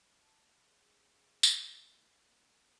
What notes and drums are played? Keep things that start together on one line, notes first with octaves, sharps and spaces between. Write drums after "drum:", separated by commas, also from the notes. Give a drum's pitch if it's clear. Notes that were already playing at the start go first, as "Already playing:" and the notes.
A5
C#3
D#6, drum: tambourine
A#3